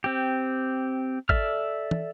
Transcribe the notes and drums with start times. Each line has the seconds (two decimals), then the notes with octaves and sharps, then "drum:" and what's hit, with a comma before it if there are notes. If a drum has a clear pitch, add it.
0.04 C4 G4
1.29 A4 D5 E5 F6, drum: kick G#1
1.91 drum: tom